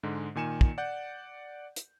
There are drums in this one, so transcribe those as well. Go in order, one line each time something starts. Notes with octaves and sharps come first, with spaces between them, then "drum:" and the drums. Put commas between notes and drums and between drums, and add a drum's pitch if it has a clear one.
G#2 D3 G#3
A#2 D#3 G#5 C#7 E7
drum: kick
D5 F#5 G6
drum: hi-hat